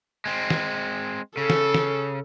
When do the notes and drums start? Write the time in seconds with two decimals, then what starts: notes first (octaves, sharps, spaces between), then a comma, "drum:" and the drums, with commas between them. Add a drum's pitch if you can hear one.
0.26 G#3 C4
0.50 drum: snare
1.37 C#3 A4
1.50 drum: snare
1.74 drum: snare